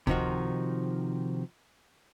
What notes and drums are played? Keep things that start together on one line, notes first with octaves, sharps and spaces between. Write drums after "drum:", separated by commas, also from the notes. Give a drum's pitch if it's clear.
C3 D#3 F3 D#4 F#4, drum: kick